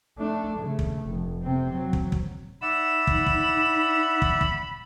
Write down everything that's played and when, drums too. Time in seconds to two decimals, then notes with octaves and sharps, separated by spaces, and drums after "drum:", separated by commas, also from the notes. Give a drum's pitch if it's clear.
0.18 A3 D4
0.59 C#3 A3
0.79 drum: kick
1.04 F1
1.42 C3 C4
1.74 F#3
1.93 drum: kick
2.12 drum: kick
2.62 D#4 D5 E5 F#5 B5 E7
3.07 drum: kick
3.26 drum: kick
4.22 drum: kick
4.41 drum: kick